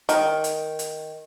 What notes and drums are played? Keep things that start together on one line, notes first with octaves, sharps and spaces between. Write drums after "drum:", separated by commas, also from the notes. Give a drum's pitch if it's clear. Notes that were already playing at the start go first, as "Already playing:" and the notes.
D#3, drum: hi-hat
drum: hi-hat
drum: hi-hat